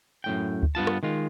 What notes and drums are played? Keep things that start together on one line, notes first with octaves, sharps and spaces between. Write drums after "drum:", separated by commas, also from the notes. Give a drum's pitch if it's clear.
F#2 A2 G5
drum: kick D2
G2 B3 F4 A5
drum: rim click
D#3 G#3 F4